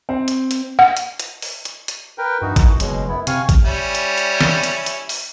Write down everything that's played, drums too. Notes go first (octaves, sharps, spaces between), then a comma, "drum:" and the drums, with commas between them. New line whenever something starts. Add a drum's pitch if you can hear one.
C4
drum: hi-hat
drum: hi-hat
F#5
drum: hi-hat
drum: hi-hat
drum: open hi-hat
drum: hi-hat
drum: hi-hat
A#4 B4 G5
G2 E3 D#4 F#4
F#2, drum: kick G#1, hi-hat
F#1 B2 F#3 G#3, drum: hi-hat
F#2 B3 E4
C3 C4 F5 G#5 C#6, drum: hi-hat
drum: kick G#1, hi-hat
G3 C#4 E4
drum: hi-hat
drum: hi-hat
drum: snare
drum: hi-hat
drum: hi-hat
drum: open hi-hat